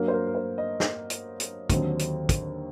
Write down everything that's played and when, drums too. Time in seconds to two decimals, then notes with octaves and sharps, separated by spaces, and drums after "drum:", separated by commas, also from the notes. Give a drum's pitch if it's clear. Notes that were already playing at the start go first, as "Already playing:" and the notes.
Already playing: G2 F#3 A#3 A#4
0.08 C5
0.14 A#4
0.27 A#4
0.35 C5
0.58 D#5
0.80 drum: snare
1.10 drum: hi-hat
1.40 drum: hi-hat
1.70 D#2 D3 F#3 C4, drum: kick, hi-hat
1.99 drum: hi-hat
2.29 drum: kick, hi-hat